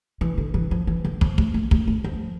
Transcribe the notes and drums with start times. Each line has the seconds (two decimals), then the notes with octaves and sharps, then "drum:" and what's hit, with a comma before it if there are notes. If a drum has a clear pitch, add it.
0.21 E3
0.38 D3
0.54 E3
0.71 F3
0.87 E3
1.05 D3
1.21 F3, drum: kick
1.38 A3, drum: kick
1.54 A#3
1.71 A3, drum: kick
1.88 A3
2.04 F3